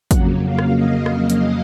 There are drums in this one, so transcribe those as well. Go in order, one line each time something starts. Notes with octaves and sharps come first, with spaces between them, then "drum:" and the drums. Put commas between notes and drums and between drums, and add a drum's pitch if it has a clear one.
F2 C#3 F#3 A#3 F#5, drum: kick, hi-hat
F5
drum: rim click
D#5
D#5, drum: rim click
drum: hi-hat